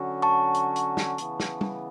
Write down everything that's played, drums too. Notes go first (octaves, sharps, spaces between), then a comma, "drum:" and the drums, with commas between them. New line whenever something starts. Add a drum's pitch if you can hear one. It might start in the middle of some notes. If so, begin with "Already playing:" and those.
Already playing: D3 F#3 C#4 F#4
A5 C#6
drum: hi-hat
drum: hi-hat
drum: snare
C#3 E3 B3, drum: hi-hat
drum: snare
drum: tom